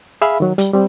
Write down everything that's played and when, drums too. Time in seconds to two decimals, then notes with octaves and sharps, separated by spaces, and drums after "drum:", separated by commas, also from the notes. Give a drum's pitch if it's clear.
0.22 G#4 E5 F5 B5
0.40 D#3 F#3
0.58 G3, drum: hi-hat
0.73 G3 C4